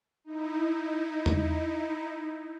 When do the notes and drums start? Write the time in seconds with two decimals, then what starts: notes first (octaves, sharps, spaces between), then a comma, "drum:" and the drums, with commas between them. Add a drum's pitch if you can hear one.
0.24 D#4 E4
1.26 drum: tom E2